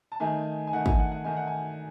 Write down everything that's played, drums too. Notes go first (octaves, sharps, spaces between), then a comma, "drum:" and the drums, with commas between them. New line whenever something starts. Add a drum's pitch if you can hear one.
A5
D#3 A3 D#4 G#5
G#5
D#3 A3 D#4 F#5
G#5, drum: kick
F#5
F#5
D#3 A3 D#4 G#5
F#5
G#5